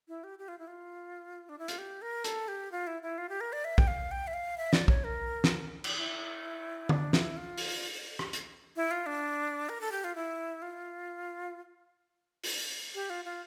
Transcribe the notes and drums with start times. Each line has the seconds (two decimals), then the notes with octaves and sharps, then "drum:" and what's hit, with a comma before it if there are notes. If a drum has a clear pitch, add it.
0.08 E4
0.24 G4
0.39 G4
0.48 F4
0.59 E4
0.68 F4
1.49 D4
1.59 E4
1.68 F4, drum: hi-hat
1.78 G4
2.02 A#4
2.24 A4, drum: hi-hat
2.48 G4
2.72 F4
2.87 E4
3.03 E4
3.18 F4
3.29 G4
3.41 A#4
3.53 D5
3.65 E5
3.78 G5, drum: kick
3.88 F5
4.11 G5
4.27 E5
4.34 F5
4.58 E5
4.73 D5, drum: snare
4.88 C#5, drum: kick
5.04 A#4
5.44 drum: snare
5.84 drum: cymbal
5.97 E4
6.89 D4, drum: tom D3
7.13 E4, drum: snare
7.37 F4
7.58 drum: open hi-hat
8.19 drum: rim click
8.33 drum: hi-hat
8.76 E4
8.91 F4
9.06 D4
9.69 A#4
9.81 A4
9.92 G4
10.04 F4
10.15 E4
10.62 F4
12.44 drum: open hi-hat
12.95 G4
13.10 F4
13.25 F4